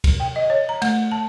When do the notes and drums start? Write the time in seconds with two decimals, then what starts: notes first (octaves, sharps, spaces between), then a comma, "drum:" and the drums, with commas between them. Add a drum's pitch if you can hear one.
0.04 drum: kick, cymbal
0.20 G5
0.36 D#5
0.50 C#5
0.69 A#5
0.82 A3, drum: cymbal
1.12 A5